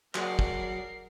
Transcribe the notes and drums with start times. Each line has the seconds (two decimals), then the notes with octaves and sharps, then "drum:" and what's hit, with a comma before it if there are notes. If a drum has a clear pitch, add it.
0.15 F#3 G#4 A#4 D5 F#5 C7, drum: clap
0.39 drum: kick